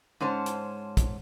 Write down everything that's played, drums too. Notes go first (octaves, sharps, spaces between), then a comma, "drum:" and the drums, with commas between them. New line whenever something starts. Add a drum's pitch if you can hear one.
G#2 C#4 C5 A5
drum: hi-hat
drum: kick, hi-hat